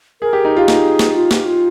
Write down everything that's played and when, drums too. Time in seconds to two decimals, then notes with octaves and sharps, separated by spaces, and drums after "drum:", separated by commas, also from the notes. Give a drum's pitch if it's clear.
0.22 G#4 A#4
0.33 G4
0.45 D#4
0.56 F4 G4
0.68 D#4 G#4, drum: snare
0.99 drum: snare
1.16 F4
1.31 G4, drum: snare
1.46 F4